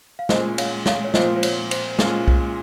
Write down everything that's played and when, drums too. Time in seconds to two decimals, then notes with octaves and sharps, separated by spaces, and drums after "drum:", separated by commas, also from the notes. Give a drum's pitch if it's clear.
0.19 F5
0.29 A#2 G#3 C#4 C5 D#5, drum: snare
0.58 C#5 F5, drum: cymbal
0.86 C#5 F5, drum: snare
1.04 C#5
1.14 A#2 F3 C4 F4 C5 D#5, drum: snare
1.36 C5
1.43 C#5, drum: cymbal
1.71 C5, drum: cymbal
1.99 A#2 G#3 C#4 F4, drum: snare
2.28 drum: kick